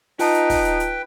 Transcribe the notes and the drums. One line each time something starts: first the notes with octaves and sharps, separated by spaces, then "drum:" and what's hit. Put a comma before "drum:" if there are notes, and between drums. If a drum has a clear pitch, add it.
D#4 F4 B4 G5 A5, drum: open hi-hat
drum: hi-hat
drum: kick, open hi-hat
drum: hi-hat
drum: hi-hat